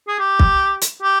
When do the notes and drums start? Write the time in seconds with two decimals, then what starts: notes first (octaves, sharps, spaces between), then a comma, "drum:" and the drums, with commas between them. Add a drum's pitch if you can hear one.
0.08 G#4
0.19 G4
0.39 drum: kick
0.82 drum: hi-hat
1.02 G4